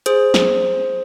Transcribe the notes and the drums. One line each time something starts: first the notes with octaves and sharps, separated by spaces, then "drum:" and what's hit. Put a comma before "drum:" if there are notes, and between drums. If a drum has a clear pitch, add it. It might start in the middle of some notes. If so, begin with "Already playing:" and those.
G#4 C5, drum: hi-hat
drum: snare